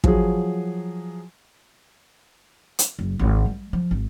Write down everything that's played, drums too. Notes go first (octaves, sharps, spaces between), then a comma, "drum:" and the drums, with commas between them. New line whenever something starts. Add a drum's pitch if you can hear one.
F3 F#3 G#4, drum: kick
drum: hi-hat
F#1
G#1 D2
G3
F3
G#1